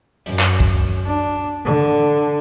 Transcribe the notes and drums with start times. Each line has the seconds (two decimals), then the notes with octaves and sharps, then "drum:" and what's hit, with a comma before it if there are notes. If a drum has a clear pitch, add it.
0.26 F#2, drum: open hi-hat
0.39 drum: clap
0.60 drum: kick
1.07 D4
1.65 D3